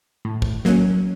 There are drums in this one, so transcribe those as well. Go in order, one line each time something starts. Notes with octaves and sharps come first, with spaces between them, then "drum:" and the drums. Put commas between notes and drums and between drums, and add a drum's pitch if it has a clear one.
A2
drum: kick
F#3 A#3 C#4, drum: snare